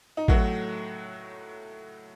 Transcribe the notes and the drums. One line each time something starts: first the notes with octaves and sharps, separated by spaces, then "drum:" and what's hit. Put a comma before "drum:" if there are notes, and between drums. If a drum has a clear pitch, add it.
D#4
A2 F#3 A3 F#4, drum: kick A1